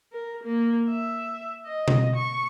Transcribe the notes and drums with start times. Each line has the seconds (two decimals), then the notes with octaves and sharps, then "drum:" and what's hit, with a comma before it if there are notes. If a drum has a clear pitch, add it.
0.12 A#4
0.43 A#3
0.89 E5
1.66 D#5
1.88 drum: tom B2
2.15 C#6